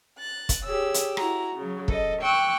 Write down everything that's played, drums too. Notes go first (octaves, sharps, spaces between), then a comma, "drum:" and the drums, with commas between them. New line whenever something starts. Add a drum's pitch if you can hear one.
F#6 A6
drum: kick, hi-hat
G4 G#4 C#5 E6
drum: hi-hat
E4 F#4 A#5, drum: rim click
C#3 F#3
A4 D#5, drum: kick
G5 C#6 D6 E6 F#6